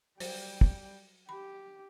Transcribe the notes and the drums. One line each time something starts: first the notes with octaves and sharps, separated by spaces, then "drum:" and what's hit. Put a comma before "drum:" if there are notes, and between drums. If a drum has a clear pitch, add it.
F#3 G3 C5 G5, drum: open hi-hat
drum: kick
G4 B5